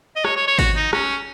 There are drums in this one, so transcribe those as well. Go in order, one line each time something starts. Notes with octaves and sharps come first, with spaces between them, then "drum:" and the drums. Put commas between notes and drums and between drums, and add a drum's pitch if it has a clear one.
D#5
C#5, drum: rim click
C#5
C#5
F#4, drum: kick G#1, open hi-hat
D#4
C#4, drum: rim click